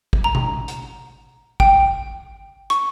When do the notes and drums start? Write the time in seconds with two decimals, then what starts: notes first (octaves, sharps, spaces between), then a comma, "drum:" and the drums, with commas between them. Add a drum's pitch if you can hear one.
0.13 drum: kick
0.24 A#5
0.35 drum: tom B2
0.68 drum: hi-hat
1.60 G5, drum: kick
2.70 C#6, drum: hi-hat